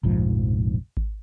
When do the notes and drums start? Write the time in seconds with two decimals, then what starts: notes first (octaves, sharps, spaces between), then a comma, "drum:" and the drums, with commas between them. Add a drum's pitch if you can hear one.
0.03 F1 A#1 G#2 F3
0.97 drum: kick G#1